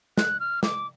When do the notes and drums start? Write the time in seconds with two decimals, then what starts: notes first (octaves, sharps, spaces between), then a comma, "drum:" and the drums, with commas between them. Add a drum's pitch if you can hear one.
0.18 F#6, drum: snare
0.40 F6
0.63 D6, drum: snare